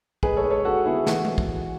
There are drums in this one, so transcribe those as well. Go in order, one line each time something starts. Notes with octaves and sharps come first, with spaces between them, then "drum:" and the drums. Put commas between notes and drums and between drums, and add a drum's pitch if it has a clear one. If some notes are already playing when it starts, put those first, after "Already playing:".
G#3 G#4 B4, drum: kick
A4 C#5
G#3
A4 C#5
D3 F#4 A4
B3 E4 G#4
E3 F#4, drum: snare
drum: tom G#3
drum: kick